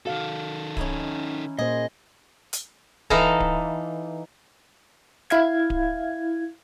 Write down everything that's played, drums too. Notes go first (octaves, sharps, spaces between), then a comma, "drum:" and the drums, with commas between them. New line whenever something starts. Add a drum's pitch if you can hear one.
D#3 F#4 A4 F5
C#4 D#4 E4, drum: kick D1
A#2 A#3 G#4 C5 D#5
drum: hi-hat
E3 D#4 A4 F5 A#5, drum: kick D1
drum: kick D1
E4 F5 G#6, drum: snare
drum: kick D1